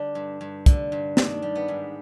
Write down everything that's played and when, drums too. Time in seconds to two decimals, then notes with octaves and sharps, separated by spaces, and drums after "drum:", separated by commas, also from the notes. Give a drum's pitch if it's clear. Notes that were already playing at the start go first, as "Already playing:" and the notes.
Already playing: D3 G3 D4
0.15 G2
0.41 G2
0.66 D3, drum: kick, hi-hat
0.92 G2
1.17 D#3 D4, drum: snare
1.42 G3
1.55 B3
1.68 G#2